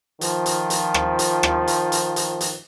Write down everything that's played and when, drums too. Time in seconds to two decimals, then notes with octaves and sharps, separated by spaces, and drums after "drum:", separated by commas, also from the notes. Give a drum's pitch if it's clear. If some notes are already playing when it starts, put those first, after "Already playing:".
0.21 D#3 F3, drum: hi-hat
0.46 drum: hi-hat
0.70 drum: hi-hat
0.94 drum: rim click
1.19 drum: hi-hat
1.43 drum: rim click
1.67 drum: hi-hat
1.92 drum: hi-hat
2.16 drum: hi-hat
2.41 drum: hi-hat